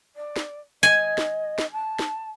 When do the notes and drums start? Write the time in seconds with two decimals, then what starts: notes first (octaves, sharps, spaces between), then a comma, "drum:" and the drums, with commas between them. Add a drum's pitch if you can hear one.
0.16 D5
0.36 drum: snare
0.83 D#5 G#5
1.18 drum: snare
1.58 drum: snare
1.72 A5
1.99 drum: snare